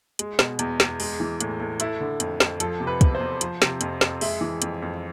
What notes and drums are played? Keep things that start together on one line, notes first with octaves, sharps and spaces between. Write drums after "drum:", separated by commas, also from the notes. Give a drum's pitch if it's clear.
G#3, drum: hi-hat
B2, drum: snare
E2, drum: hi-hat
E2, drum: snare
G#3, drum: open hi-hat
E3
A2, drum: hi-hat
A2
A3 E4, drum: hi-hat
D3
F2, drum: hi-hat
F2, drum: snare
F3 A4, drum: hi-hat
C3
B4
E2, drum: kick, hi-hat
C5
E2
F3, drum: hi-hat
C3, drum: snare
F2, drum: hi-hat
F2, drum: snare
G#3 E5, drum: open hi-hat
E3
F2, drum: hi-hat
F2